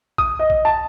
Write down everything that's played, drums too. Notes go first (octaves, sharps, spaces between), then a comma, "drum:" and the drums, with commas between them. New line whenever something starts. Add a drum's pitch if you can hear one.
D#6, drum: kick
D#5
drum: kick
A5